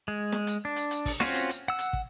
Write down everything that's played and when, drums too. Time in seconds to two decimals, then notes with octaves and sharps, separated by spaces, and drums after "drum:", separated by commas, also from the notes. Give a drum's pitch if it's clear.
0.08 G#3
0.32 drum: snare
0.47 drum: hi-hat
0.65 D4
0.76 drum: hi-hat
0.91 drum: hi-hat
1.06 drum: kick, open hi-hat
1.20 C4 C#4 F4 F#4, drum: snare
1.35 drum: hi-hat
1.49 drum: hi-hat
1.68 F#5 E6
1.79 drum: hi-hat
1.93 drum: kick